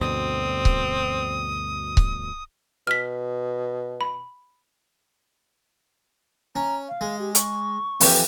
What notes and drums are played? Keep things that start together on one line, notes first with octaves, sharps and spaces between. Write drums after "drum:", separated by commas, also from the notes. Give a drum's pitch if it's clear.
D2 G2 B2 C4 D#6
drum: kick C#1
drum: kick C#1
B2 F6 B6
B5
C#4 A#5
F5
G#3
G4
C#6, drum: hi-hat
F2 E3 G4, drum: open hi-hat